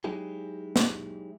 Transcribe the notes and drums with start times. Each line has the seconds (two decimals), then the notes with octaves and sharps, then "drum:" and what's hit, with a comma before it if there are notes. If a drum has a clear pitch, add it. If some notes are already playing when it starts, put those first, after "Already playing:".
0.04 F#3 G#3 D#4 E4 G4 G#4
0.76 drum: snare